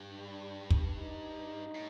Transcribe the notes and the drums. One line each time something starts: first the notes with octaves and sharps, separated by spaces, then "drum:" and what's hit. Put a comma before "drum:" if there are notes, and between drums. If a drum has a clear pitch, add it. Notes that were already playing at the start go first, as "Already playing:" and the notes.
Already playing: G2
G3
drum: kick
D#4
A2